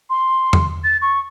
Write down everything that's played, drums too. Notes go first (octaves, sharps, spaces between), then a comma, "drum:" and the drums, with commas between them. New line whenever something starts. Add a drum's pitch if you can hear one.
C6
drum: tom E2
A6
C#6